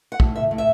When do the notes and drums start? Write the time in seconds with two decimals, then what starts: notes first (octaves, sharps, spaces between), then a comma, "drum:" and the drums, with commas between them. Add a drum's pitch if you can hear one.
0.12 F#5
0.20 A2, drum: kick
0.36 E5
0.51 A2
0.58 E5